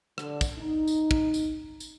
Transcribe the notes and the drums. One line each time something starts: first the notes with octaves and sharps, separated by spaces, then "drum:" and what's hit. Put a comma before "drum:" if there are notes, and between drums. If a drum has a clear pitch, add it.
D3, drum: rim click
drum: kick, tambourine
D#4
drum: tambourine
drum: kick
drum: tambourine
drum: tambourine